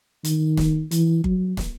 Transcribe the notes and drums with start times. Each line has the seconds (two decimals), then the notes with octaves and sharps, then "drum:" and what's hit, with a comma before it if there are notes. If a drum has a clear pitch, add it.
0.24 D#3, drum: hi-hat
0.57 drum: snare
0.91 E3, drum: hi-hat
1.24 F#3, drum: kick G1
1.57 drum: snare